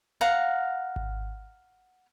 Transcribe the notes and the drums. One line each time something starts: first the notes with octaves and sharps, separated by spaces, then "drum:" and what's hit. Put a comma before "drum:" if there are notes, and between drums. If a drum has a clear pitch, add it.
F5 F#5 A#5
drum: kick G#1